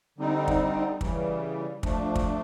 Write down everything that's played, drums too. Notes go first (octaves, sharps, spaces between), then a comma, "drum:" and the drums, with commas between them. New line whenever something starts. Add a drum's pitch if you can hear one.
D3 G3 C4 D#4
drum: kick
C#3 E3 G3, drum: kick
F3 A3 D4, drum: kick
drum: kick